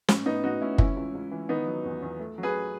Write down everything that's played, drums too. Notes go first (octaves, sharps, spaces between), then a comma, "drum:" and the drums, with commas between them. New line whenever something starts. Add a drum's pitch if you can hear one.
A2 C#4, drum: snare
A2 B3 D#4
A2 D#4 F#4
A2 C#4 E4
E3 C#4 E4, drum: kick
C#2
C#2
E3
D#3 B3 D#4
F#3
E2
E2
A3
F#3
G#4 B4